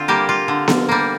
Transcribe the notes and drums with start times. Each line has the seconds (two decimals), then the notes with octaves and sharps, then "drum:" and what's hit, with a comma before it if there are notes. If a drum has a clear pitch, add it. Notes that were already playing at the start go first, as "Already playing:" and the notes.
Already playing: D3 C4 F4
0.08 G3 A#3 G4
0.29 F4
0.48 D3
0.68 drum: snare B3
0.89 G3 A#3